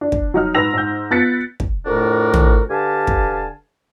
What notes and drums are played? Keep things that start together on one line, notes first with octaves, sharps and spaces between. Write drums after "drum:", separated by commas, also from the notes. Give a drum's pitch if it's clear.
D4
drum: kick
F#3 D#4 F6
G#2 B4 E6 A#6 F7
G#2 G6
B3 F4 F#6 A6 B6 C#7
drum: kick
F2 A2 A3 D4 F#4 A#4
drum: tom
D3 G4 B4 F5 G#5 A5
drum: kick